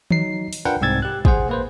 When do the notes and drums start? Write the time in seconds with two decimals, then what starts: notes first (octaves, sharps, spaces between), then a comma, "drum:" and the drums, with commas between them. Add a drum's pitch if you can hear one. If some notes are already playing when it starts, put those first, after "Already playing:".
0.11 F#3 D#4 C7, drum: tom D#3
0.53 drum: open hi-hat
0.65 D4 F4 A#4 B4 F#5 G5
0.81 C2 G#2 C4 E6 G#6 A6
1.02 G4 F#6
1.25 G#4 C5 F#5, drum: kick
1.49 A#3 B4 C5